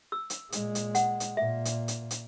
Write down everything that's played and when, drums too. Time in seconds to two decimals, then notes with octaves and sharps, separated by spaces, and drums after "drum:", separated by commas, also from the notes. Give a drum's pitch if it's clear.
0.12 E6
0.30 drum: hi-hat
0.52 A#2 G#3, drum: hi-hat
0.75 drum: hi-hat
0.95 F#5, drum: hi-hat
1.20 drum: hi-hat
1.37 A#2 E5
1.65 drum: hi-hat
1.88 drum: hi-hat
2.11 drum: hi-hat